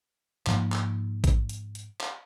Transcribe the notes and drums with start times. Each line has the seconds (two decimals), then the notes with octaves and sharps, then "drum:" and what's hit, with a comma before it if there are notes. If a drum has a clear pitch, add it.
0.47 G#2 F3 A#3, drum: clap
0.72 drum: clap
1.24 drum: kick A1, hi-hat
1.49 drum: hi-hat
1.75 drum: hi-hat
2.01 drum: clap